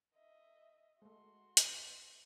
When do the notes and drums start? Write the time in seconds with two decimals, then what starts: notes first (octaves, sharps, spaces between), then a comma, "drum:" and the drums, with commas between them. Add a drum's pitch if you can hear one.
0.15 D#5 E5
1.02 G#3 A3 F#4 C6
1.57 drum: hi-hat